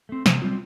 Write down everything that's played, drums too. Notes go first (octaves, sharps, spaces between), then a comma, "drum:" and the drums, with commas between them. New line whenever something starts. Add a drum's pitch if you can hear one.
A3 C4
C3, drum: snare
G3 C4 F4